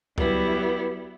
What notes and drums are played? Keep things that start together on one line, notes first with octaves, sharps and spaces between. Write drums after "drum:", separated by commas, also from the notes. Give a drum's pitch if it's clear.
F#3 G3 B3 E4, drum: kick C2